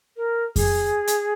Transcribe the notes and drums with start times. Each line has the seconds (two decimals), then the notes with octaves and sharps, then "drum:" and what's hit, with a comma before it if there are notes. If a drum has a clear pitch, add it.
0.17 A#4
0.56 G#4, drum: kick F2, open hi-hat
1.08 drum: hi-hat